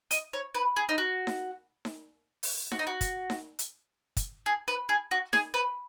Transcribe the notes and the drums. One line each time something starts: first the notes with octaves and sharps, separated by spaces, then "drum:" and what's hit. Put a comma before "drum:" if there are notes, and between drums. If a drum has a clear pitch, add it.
D#5, drum: hi-hat
C#5
B4
G#4
D#4
F#4
drum: snare D#4
drum: snare D#4
drum: open hi-hat
F#4, drum: snare D#4
D#4
F#4
drum: kick, hi-hat
drum: snare D#4
drum: hi-hat
drum: kick, hi-hat
G#4
B4
G#4
F#4
G#4, drum: snare D#4
B4